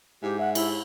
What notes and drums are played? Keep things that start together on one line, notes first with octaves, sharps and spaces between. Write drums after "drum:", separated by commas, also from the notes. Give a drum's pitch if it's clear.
G#2 E4 G4
E5 F#5
E4, drum: cymbal